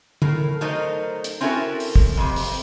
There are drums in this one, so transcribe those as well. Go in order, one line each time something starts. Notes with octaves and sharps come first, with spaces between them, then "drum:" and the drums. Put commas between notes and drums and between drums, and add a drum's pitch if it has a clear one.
A2 A#4, drum: tom D3
F#3 A3 D#4 A#4 C5 D#5
drum: hi-hat
C4 C#4 E4 F#4 A4 A#4
drum: open hi-hat
drum: kick
F2 C3
drum: open hi-hat